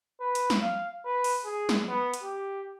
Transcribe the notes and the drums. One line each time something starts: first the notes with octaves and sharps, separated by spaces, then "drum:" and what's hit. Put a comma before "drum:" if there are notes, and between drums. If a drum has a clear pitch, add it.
B4
drum: hi-hat
drum: snare
F5
B4
drum: open hi-hat
G#4
drum: snare
B3
drum: hi-hat
G4